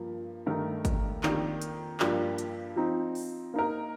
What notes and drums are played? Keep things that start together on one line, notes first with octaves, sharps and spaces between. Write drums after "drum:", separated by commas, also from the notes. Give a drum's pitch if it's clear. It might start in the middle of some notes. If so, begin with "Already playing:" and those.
Already playing: G2 F3 A#3
G2 D#3 A3 D#4 A#4
drum: kick, hi-hat
F2 D#3 A#3 D4 G4, drum: clap
drum: hi-hat
G2 F3 A#3 D4 G4, drum: clap
drum: hi-hat
F3 C4 D#4
drum: open hi-hat
A#3 D#4 A#4